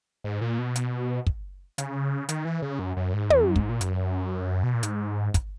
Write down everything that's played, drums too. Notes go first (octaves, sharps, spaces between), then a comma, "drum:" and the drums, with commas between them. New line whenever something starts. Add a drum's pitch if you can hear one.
G#2
A#2
B2
drum: hi-hat
drum: kick
C#3, drum: hi-hat
D#3, drum: hi-hat
E3
C#3
F#2
F#2
G#2
E2, drum: tom
F#2
G#2, drum: kick
A#2
F#2, drum: hi-hat
B2
A#2
G#2, drum: hi-hat
drum: kick, hi-hat